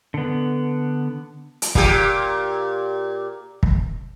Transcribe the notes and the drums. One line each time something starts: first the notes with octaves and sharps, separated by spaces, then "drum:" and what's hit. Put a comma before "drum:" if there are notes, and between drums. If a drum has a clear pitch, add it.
D3 B3
drum: hi-hat
A#2 G4, drum: kick
drum: kick